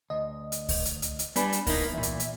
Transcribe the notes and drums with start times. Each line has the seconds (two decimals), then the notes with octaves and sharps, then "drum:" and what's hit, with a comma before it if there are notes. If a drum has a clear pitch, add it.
0.10 D2 D#5
0.52 drum: hi-hat
0.69 drum: kick C#2, open hi-hat
0.85 drum: hi-hat
1.02 drum: hi-hat
1.19 drum: hi-hat
1.36 G3 B3 D4 G#5 B5, drum: hi-hat
1.53 drum: hi-hat
1.67 A#3 D#4 E4, drum: kick C#2, open hi-hat
1.93 E2 A#2 E5
2.03 drum: hi-hat
2.20 drum: hi-hat